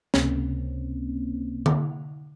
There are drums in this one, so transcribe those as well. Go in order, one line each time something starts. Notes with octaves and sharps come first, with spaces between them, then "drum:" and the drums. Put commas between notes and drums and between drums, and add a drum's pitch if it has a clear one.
C#2 C3 A#3 C4 C#4, drum: snare
drum: tom D3